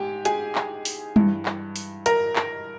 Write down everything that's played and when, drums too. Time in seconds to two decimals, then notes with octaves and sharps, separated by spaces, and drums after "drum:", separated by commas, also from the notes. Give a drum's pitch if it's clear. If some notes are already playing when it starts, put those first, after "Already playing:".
Already playing: G#2 G4 G5 G#5
0.25 G#4 G#5, drum: hi-hat
0.55 drum: clap
0.85 drum: open hi-hat
1.16 G2 E3, drum: tom G3
1.46 drum: clap
1.76 drum: open hi-hat
2.06 A#4 A#5, drum: hi-hat
2.36 drum: clap